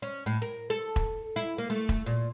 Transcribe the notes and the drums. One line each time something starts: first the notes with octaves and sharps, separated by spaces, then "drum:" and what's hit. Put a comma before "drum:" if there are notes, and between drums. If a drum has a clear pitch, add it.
C#4
A2
A#4
A4
drum: kick E1
E4
A#3
A3
drum: kick E1
A#2